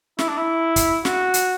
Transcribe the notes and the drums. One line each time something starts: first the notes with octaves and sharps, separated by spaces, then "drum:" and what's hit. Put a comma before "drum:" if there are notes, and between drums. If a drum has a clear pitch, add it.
E4, drum: snare
D4
E4
drum: kick, hi-hat
F#4, drum: snare
drum: hi-hat